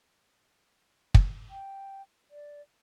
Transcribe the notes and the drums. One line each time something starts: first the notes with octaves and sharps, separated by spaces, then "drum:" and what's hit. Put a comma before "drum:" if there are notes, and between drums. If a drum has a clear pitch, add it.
drum: kick
G5
D5